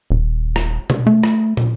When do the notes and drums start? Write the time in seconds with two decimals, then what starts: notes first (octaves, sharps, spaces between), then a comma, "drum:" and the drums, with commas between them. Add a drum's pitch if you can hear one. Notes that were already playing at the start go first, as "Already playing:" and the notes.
0.10 D#1
0.56 drum: rim click
0.90 drum: tom B2
1.07 A3
1.23 drum: rim click
1.57 drum: tom